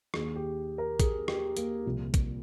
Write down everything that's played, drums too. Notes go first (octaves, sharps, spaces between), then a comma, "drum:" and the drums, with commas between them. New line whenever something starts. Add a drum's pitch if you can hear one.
D#2 D#3 G#4, drum: rim click
G4
A#4
G#4, drum: kick, hi-hat
G4, drum: rim click
A#3, drum: hi-hat
C2 A#2 F3
drum: kick, hi-hat